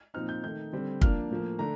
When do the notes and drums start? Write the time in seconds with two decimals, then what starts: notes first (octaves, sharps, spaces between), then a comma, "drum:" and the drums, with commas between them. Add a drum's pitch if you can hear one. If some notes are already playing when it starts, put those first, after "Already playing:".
0.14 A#2 F3 C4 D#4 F6
0.29 G6
0.43 D#3 A3 D#4 G6
0.73 D3 G3 C4
1.02 F3 A#3 D4 F6, drum: kick
1.30 A2 F3 A#3
1.59 D3 A3 D4 A#5